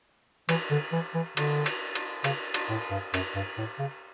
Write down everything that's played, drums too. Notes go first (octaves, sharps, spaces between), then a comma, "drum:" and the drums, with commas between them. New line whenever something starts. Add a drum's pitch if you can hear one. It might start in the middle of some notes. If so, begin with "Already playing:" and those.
E3, drum: cymbal
D3
E3
E3
D3, drum: cymbal
drum: cymbal
drum: cymbal
C#3, drum: cymbal
drum: cymbal
A2
G2
F#2, drum: cymbal
G2
A2
C#3